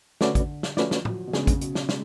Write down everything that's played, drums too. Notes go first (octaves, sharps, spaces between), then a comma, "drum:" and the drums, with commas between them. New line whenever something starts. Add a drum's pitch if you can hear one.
D3 A3 C#4 F#4 B4 D5, drum: snare
drum: kick, hi-hat
drum: snare
F3 A3 C#4 F#4 B4 D5, drum: snare
drum: snare
F#3, drum: tom A2
B2
C#3 G#3 B3 D4 G#4, drum: snare
drum: kick, hi-hat
B2, drum: hi-hat
drum: snare
G#3, drum: snare